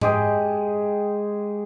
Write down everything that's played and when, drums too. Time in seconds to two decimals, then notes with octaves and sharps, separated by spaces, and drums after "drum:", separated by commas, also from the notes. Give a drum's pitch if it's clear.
0.01 G#3 G4 G#4, drum: tom